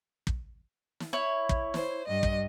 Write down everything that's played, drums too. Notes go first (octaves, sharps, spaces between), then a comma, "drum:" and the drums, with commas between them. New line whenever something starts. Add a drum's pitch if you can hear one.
drum: kick
drum: snare
E4 C#5
drum: kick
C5, drum: snare
G2 D#5
drum: kick